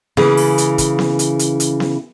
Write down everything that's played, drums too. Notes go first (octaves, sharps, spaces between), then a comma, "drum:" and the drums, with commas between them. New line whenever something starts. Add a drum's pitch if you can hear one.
C#3 E3 A#3 G#4, drum: snare B3
drum: open hi-hat
drum: hi-hat
drum: kick, hi-hat
drum: snare B3
drum: hi-hat
drum: hi-hat
drum: hi-hat
drum: snare B3